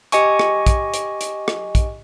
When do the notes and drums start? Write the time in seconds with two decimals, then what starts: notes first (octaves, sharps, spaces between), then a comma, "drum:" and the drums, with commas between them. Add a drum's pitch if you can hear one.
0.12 G4 D#5 G#5 C#6, drum: hi-hat
0.39 drum: rim click
0.67 drum: kick, hi-hat
0.94 drum: hi-hat
1.21 drum: hi-hat
1.48 drum: rim click
1.75 drum: kick, hi-hat